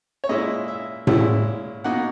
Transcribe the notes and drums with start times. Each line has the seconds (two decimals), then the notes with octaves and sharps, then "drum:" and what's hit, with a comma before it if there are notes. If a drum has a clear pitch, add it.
0.24 C#5
0.29 A#2 G#3 C#4 E4 D#5
0.68 E5
1.07 A#2 G#3 C#4 E4, drum: tom A2
1.84 B2 A#3 D#4 F#5